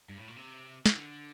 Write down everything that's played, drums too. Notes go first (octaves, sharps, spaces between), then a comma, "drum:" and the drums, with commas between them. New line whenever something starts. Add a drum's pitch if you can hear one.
G2
A2
A#2
C3
E3, drum: snare
D3